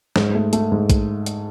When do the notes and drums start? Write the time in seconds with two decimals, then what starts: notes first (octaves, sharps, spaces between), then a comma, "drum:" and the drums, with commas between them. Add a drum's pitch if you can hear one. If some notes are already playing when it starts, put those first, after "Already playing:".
0.16 G#2, drum: snare
0.35 A3
0.53 A3, drum: hi-hat
0.72 G#2
0.90 drum: kick A#1, hi-hat
1.26 drum: hi-hat